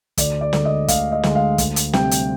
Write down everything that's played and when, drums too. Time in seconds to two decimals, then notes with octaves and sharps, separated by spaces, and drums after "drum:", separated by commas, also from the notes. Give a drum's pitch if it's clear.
0.18 D2 D5, drum: kick, hi-hat
0.41 D5
0.53 D3 G#3, drum: snare
0.65 D#5
0.88 D2 F5, drum: kick, hi-hat
1.12 D#5
1.23 D3 G#3, drum: snare
1.35 F5
1.58 D2, drum: kick, hi-hat
1.76 drum: hi-hat
1.93 C3 G3 G5, drum: snare
2.11 drum: hi-hat